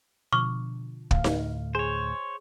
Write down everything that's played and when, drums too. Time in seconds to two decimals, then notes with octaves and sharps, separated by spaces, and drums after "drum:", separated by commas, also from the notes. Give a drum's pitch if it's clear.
0.33 B2 D3 F3 C#6 D6 F6
1.11 D2 A2 F5, drum: kick
1.24 drum: snare D#4
1.75 G#4 C5 C#5